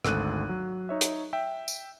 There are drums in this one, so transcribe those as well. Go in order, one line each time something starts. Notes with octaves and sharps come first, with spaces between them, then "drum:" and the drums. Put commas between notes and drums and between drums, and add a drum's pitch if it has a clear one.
G#1 D2 A4 F#6 D#7, drum: rim click
F#3
D#4 C#5 E5
drum: hi-hat
E5 G5
drum: tambourine